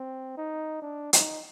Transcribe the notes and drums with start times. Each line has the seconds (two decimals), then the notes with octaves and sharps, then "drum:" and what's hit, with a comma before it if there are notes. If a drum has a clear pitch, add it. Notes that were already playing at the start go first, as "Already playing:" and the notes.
Already playing: C4
0.37 D#4
0.82 D4
1.13 D#4, drum: hi-hat